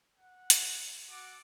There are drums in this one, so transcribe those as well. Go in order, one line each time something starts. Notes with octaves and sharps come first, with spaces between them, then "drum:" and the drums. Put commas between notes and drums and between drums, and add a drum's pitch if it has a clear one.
F#5
drum: hi-hat
F#4 A4 D6